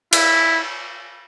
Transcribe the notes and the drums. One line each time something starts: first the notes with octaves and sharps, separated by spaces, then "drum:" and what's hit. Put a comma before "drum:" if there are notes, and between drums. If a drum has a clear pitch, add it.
E4, drum: cymbal